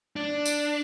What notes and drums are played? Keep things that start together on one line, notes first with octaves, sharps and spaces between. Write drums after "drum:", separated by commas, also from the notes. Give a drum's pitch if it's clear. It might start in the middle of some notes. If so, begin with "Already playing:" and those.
D4
drum: tambourine